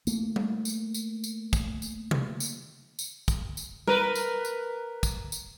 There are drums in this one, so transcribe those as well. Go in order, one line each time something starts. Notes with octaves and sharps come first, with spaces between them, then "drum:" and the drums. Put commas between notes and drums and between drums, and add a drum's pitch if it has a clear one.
A3 A#3, drum: tambourine
drum: tom G3
drum: tambourine
drum: tambourine
drum: tambourine
drum: kick, tambourine
drum: tambourine
drum: tom C3
drum: tambourine
drum: tambourine
drum: kick, tambourine
drum: tambourine
A#4 B4, drum: tom G3
drum: tambourine
drum: tambourine
drum: kick, tambourine
drum: tambourine